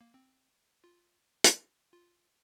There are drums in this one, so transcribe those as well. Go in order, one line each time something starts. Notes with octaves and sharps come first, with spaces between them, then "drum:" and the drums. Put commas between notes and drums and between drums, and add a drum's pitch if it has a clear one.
A#3
C4
F4
drum: hi-hat
F4